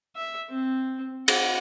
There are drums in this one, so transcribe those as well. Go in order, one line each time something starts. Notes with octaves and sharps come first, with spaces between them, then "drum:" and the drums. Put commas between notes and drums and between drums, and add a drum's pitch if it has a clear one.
E5
C4
F#5, drum: cymbal